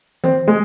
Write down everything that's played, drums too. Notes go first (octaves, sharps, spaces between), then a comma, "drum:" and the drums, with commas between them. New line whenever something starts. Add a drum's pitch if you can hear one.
C4, drum: tom D#3
G#3